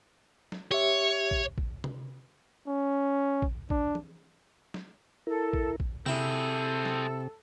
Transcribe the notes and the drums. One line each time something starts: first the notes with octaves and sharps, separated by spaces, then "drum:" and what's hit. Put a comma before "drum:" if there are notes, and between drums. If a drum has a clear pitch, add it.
drum: snare
G4 C#5 E5
drum: kick
drum: kick
drum: tom C3
C#4
drum: kick
D4, drum: kick
drum: tom E3
drum: snare
E4 A4 A#4
drum: kick
drum: kick
C3 C4 E4 G#4 A4 G5, drum: tom C3
drum: snare